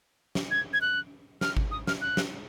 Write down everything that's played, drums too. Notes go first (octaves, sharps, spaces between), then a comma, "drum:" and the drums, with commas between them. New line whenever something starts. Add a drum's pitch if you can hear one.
drum: snare
G#6
G#6
F#6
F6, drum: snare
drum: kick G#1
D#6
F6, drum: snare
F#6
drum: snare